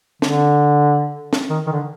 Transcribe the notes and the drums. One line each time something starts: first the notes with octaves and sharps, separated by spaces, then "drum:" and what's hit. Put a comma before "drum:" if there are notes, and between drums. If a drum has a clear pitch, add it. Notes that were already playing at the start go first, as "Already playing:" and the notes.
D3, drum: snare
drum: snare
D#3
D#3
D3